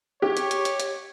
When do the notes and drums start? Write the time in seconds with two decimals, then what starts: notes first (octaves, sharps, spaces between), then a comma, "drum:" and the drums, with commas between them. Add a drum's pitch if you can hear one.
0.22 G4 C#5
0.37 drum: hi-hat
0.51 drum: hi-hat
0.65 drum: hi-hat
0.80 drum: hi-hat